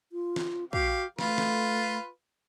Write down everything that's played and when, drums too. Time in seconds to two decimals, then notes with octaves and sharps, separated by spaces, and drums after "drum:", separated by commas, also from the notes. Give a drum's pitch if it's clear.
0.12 F4
0.36 drum: snare
0.73 F#4 G4 F5, drum: kick
1.19 A3 F4 B4, drum: snare
1.38 drum: snare